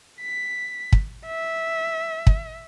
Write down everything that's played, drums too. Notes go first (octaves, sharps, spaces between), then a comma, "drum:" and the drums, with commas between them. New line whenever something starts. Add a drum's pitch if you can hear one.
B6
drum: kick
E5
drum: kick